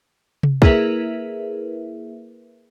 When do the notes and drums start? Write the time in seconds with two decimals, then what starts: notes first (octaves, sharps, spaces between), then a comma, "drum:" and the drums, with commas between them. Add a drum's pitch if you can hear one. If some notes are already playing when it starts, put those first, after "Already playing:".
0.43 drum: tom C3
0.62 A#3 E4 G#4 A#4 B4 E5, drum: kick